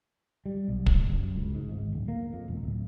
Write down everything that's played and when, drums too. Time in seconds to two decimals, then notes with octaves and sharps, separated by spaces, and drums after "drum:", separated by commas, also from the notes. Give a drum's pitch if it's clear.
0.46 G3
0.68 B1
0.86 drum: kick
0.99 F#1
1.13 F#2
1.36 C#2
1.54 G#2
1.69 G#1
1.93 D1
2.08 A#3
2.33 F2
2.48 E1
2.63 D1